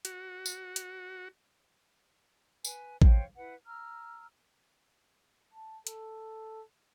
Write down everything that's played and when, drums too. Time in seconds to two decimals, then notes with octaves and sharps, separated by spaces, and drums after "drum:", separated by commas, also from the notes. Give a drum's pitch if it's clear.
0.05 F#4, drum: hi-hat
0.46 drum: tambourine
0.76 drum: hi-hat
2.64 B4 G#5, drum: tambourine
3.02 C5 C#5 F5 G5, drum: kick A1
3.36 E4 B4 F#5
3.66 A#5 E6 F6
5.53 A5
5.87 A4, drum: hi-hat